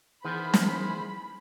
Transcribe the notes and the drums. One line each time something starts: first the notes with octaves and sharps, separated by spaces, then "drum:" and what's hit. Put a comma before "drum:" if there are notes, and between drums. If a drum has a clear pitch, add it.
D#3 E3 B3 G#4 C5 B5
drum: snare